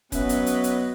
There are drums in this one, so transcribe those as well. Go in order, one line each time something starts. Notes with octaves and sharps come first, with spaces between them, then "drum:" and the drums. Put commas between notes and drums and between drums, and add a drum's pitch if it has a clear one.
F#3 B3 C#4 B4 D#5 E5, drum: kick, hi-hat
drum: hi-hat
drum: hi-hat
drum: hi-hat